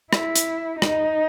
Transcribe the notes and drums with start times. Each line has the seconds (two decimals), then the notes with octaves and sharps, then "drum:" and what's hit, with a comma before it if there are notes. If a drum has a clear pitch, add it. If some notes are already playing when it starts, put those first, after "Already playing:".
0.13 E4, drum: rim click
0.36 drum: hi-hat
0.82 D#4, drum: rim click